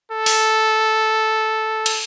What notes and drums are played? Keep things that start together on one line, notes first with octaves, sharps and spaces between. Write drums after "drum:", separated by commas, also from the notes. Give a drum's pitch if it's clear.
A4
drum: open hi-hat
drum: cymbal